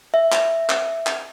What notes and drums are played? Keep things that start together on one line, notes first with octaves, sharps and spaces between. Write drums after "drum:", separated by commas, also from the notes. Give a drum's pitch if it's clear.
E5
drum: clap
drum: clap
drum: clap